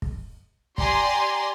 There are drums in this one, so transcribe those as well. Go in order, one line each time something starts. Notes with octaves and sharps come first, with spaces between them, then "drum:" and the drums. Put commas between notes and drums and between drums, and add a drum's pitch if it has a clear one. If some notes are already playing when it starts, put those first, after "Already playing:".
drum: kick
G4 D5 G#5 A#5 C6, drum: kick